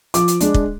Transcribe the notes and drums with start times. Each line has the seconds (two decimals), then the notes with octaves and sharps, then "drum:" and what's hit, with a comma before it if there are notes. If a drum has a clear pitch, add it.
0.14 F3 D6, drum: hi-hat
0.28 drum: hi-hat
0.41 G#3 D4, drum: hi-hat
0.54 drum: kick